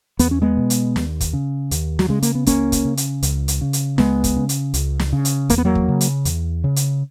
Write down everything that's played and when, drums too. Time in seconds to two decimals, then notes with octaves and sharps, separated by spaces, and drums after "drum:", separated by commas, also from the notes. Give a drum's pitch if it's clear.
0.19 E2 B3, drum: hi-hat
0.31 C#4
0.42 G#3 B3
0.57 B2
0.70 drum: hi-hat
0.96 D#2, drum: snare
1.21 drum: kick, hi-hat
1.33 C#3
1.71 D#2, drum: hi-hat
1.99 F#3, drum: snare
2.08 C#3 G#3
2.22 A#3, drum: hi-hat
2.35 B3
2.46 C#2 A#3 C#4, drum: kick, hi-hat
2.72 drum: kick, hi-hat
2.85 C#3
2.97 drum: hi-hat
3.23 C#2, drum: hi-hat
3.48 drum: hi-hat
3.61 C#3
3.73 drum: hi-hat
3.98 C#2 G#3 B3, drum: snare
4.24 drum: kick, hi-hat
4.36 C#3
4.49 drum: hi-hat
4.74 C#2, drum: hi-hat
4.99 drum: snare
5.13 C#3
5.25 drum: hi-hat
5.50 E2 A#3, drum: kick, hi-hat
5.58 B3
5.65 F#3 A#3
5.75 drum: kick
5.89 C#3
6.01 drum: hi-hat
6.25 E2, drum: hi-hat
6.64 C#3
6.76 drum: hi-hat